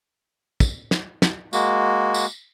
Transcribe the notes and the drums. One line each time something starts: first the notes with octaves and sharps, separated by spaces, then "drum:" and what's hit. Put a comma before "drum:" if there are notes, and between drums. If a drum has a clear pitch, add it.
drum: kick, tambourine
drum: snare
drum: snare
G#3 A#3 F#4, drum: tambourine
drum: tambourine